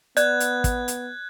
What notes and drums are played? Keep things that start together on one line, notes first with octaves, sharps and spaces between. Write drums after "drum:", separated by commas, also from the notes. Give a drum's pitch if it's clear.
B3 D5 F#6 G#6, drum: hi-hat
drum: hi-hat
drum: kick, hi-hat
drum: hi-hat